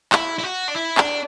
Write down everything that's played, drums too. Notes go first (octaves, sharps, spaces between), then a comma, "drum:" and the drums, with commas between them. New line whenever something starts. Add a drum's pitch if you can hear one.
E4, drum: clap
E4
F#4
D4
E4
D4, drum: clap